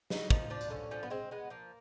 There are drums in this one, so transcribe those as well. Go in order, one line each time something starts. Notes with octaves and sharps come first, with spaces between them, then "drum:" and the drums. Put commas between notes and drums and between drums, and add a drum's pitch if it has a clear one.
C#3 D#4, drum: snare
F3 D#4, drum: kick
F3 D4
drum: tambourine
D3 C#4
F3 C#4
B3
G#3 C4
G#3 B3
F3 A#3